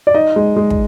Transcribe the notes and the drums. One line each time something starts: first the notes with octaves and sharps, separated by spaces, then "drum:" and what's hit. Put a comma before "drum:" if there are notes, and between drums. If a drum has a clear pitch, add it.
D5
D#4 D#5
G#3
G#3
drum: kick